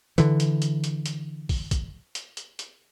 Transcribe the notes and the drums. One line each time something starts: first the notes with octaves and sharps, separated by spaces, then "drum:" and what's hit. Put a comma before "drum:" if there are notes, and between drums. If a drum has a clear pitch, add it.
D3 E3, drum: hi-hat
drum: hi-hat
drum: hi-hat
drum: hi-hat
drum: hi-hat
drum: kick, open hi-hat
drum: kick, hi-hat
drum: hi-hat
drum: hi-hat
drum: hi-hat